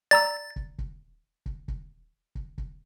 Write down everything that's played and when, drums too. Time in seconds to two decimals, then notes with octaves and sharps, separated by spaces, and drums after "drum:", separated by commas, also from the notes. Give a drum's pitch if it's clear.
0.11 D5 A#5 E6 A6
0.56 drum: kick
0.78 drum: kick
1.46 drum: kick
1.68 drum: kick
2.35 drum: kick
2.58 drum: kick